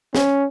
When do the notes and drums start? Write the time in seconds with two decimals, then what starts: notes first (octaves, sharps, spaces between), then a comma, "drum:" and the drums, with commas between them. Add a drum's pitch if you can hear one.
0.15 C#4, drum: snare